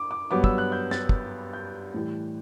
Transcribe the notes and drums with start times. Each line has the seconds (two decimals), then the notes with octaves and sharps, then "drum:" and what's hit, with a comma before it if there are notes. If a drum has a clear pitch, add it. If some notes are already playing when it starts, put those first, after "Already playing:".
Already playing: D6
0.11 D6
0.31 G2 F#3 B3 D6
0.44 E6, drum: kick
0.58 F#6
0.72 G6
0.91 A6, drum: snare
1.09 drum: kick
1.53 G6
1.94 A2 E3 G3